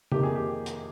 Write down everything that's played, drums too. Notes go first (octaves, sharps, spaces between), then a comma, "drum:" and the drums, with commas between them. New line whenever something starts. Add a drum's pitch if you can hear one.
F2 C3 D#3 A#3 G4, drum: tom
G#4
G4
drum: hi-hat